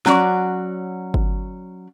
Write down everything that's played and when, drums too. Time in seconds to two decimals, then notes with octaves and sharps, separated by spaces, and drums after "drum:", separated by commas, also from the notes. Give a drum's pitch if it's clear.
0.06 F#3 C#4 F#4 D5, drum: snare
1.14 drum: kick G1